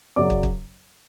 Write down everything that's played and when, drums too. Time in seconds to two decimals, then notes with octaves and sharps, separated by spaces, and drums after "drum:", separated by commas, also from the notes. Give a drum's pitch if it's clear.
0.16 F#2 C#3 F#3 D5 D6
0.30 drum: kick
0.43 drum: kick